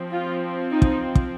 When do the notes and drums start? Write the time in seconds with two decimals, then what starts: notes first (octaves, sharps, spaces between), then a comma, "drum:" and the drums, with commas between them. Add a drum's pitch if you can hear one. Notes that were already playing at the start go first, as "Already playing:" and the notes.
Already playing: F3 C4
0.12 F4
0.71 D#4
0.82 drum: kick
1.15 drum: kick